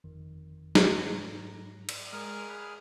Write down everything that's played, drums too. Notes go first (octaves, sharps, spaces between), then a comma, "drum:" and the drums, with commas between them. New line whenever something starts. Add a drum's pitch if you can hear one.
G1 F2 D#3
drum: snare
G#2 F#3 A#5
drum: cymbal
G#3 G#4 A#4 D#6 F6
B5 F#6 B6